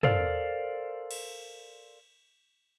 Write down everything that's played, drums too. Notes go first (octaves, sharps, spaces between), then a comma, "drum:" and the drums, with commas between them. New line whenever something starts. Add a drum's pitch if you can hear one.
A4 A#4 C5 D5 F5, drum: tom
drum: cymbal